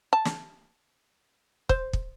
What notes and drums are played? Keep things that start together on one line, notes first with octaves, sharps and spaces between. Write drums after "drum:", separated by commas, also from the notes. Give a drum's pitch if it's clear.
A5
drum: snare
C5, drum: kick
drum: kick